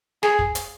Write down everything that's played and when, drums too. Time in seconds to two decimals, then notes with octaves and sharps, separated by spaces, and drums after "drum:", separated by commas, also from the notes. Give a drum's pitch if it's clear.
0.23 G#4, drum: snare
0.39 drum: kick
0.55 drum: hi-hat